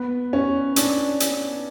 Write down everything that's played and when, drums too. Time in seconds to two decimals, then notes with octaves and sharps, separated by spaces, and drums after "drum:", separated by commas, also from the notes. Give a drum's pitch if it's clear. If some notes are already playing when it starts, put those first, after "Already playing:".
Already playing: B3
0.33 C#4
0.76 D4, drum: hi-hat
1.20 drum: hi-hat